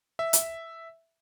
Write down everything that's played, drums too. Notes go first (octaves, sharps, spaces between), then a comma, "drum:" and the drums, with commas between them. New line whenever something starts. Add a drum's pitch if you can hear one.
E5
drum: hi-hat